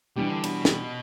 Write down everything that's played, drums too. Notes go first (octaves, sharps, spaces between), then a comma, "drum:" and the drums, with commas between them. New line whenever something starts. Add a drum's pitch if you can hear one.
B2 E3 G3 D4 G4
D3
B2, drum: cymbal
drum: snare